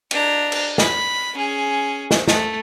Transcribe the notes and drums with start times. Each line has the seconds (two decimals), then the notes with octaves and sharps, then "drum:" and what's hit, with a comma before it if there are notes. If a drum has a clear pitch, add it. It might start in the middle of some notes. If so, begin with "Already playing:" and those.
0.11 D4 A#5, drum: cymbal
0.52 drum: cymbal
0.78 B5, drum: snare
1.34 C#4 G#4
2.11 drum: snare
2.28 A3, drum: snare